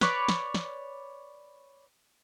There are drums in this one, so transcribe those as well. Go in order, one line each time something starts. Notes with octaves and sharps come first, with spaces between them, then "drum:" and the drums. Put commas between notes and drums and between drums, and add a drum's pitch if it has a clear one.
B4 C#5 D5, drum: snare
drum: snare
drum: snare